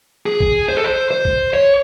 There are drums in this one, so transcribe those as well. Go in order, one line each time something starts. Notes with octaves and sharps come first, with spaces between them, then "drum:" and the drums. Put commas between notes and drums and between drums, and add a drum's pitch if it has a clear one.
G#4
drum: kick A#1
C5
A4
C5
C5
drum: kick A#1
C#5